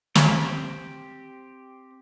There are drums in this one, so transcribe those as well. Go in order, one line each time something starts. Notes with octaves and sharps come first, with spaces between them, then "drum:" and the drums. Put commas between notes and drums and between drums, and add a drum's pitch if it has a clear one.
C4 G4 C5, drum: snare